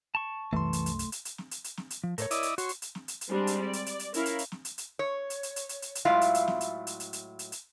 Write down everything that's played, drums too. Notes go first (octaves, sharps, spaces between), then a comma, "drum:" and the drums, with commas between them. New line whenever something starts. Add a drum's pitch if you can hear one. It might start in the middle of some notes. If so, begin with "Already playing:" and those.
A5 C#6
C2 F#2 E3 A3 C6
drum: hi-hat
drum: hi-hat
drum: hi-hat
drum: hi-hat
drum: hi-hat
drum: snare
drum: hi-hat
drum: hi-hat
drum: snare
drum: hi-hat
F3
A2 A#4 C5 C#5, drum: hi-hat
E4 D5 D#5, drum: hi-hat
drum: hi-hat
F#4 C#5 C6, drum: hi-hat
drum: hi-hat
drum: hi-hat
drum: snare
drum: hi-hat
drum: hi-hat
G3 G#3 C4 D4
drum: hi-hat
D5
drum: hi-hat
drum: hi-hat
drum: hi-hat
C#4 E4 A#4 F5, drum: hi-hat
drum: hi-hat
drum: hi-hat
drum: snare
drum: hi-hat
drum: hi-hat
C#5
drum: hi-hat
drum: hi-hat
drum: hi-hat
drum: hi-hat
drum: hi-hat
drum: hi-hat
A2 F#3 G#3 E4 F4 F5
drum: hi-hat
drum: hi-hat
drum: snare
drum: hi-hat
drum: hi-hat
drum: hi-hat
drum: hi-hat
drum: hi-hat
drum: hi-hat